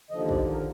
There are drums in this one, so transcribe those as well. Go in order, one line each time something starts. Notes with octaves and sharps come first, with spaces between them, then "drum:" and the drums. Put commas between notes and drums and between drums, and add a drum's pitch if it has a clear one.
D#2 D3 F3 D#5
D5, drum: kick A1
A#4